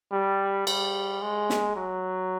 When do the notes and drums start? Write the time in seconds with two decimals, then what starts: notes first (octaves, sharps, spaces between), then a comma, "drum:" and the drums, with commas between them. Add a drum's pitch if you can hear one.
0.12 G3
0.67 G3, drum: cymbal
1.22 G#3
1.50 drum: snare
1.76 F#3